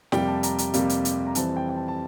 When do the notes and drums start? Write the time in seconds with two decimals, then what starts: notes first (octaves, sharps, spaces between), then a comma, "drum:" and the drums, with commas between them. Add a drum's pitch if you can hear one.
0.12 F2 C3 G3 A#3 G5, drum: snare
0.27 A5
0.43 A#5, drum: hi-hat
0.58 A#5, drum: hi-hat
0.74 F2 C3 G3 A#3, drum: hi-hat
0.89 drum: hi-hat
1.05 drum: hi-hat
1.27 A#5
1.35 F2 E3 G3 C4 A5, drum: hi-hat
1.56 G5
1.69 G5
1.77 A5
1.88 A5